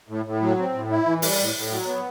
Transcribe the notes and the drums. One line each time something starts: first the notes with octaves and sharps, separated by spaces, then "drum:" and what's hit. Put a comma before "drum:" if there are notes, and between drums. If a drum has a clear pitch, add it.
A2
A2
F#3
C4
A2
E4
E3
G3, drum: open hi-hat
A2
A2
F#3
B3